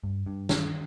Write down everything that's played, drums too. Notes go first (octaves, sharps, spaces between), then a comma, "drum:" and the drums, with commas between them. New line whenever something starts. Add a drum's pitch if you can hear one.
G2
G2
D#3, drum: snare